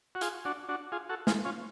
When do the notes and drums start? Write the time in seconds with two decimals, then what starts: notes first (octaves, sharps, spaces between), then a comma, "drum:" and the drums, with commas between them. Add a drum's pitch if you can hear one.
0.15 F#4
0.21 F4 G#4, drum: hi-hat
0.45 D4 F#4
0.68 D4 F#4
0.92 F4 G#4
1.09 F#4 A4
1.27 F4 G#4, drum: snare
1.45 C#4 F4